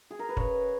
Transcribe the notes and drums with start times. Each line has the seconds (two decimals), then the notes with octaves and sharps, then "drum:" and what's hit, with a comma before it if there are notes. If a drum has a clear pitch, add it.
0.11 G#4
0.19 A#4
0.29 B4
0.37 C#3 C#5, drum: kick